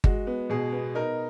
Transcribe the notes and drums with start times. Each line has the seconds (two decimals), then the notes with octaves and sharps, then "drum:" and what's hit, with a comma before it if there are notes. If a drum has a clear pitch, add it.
0.04 G#3 F#4, drum: kick G1
0.27 B3
0.50 B2 G#4
0.72 B3
0.95 D#4 A#4